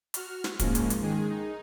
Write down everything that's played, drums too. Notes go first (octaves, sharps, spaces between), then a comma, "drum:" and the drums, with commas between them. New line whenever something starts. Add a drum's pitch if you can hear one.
F#4 F6, drum: hi-hat
drum: snare
G#2 F3 G#3 A#3 C#4, drum: kick, hi-hat
drum: hi-hat
drum: hi-hat
D#3 G#3 G#4
D#4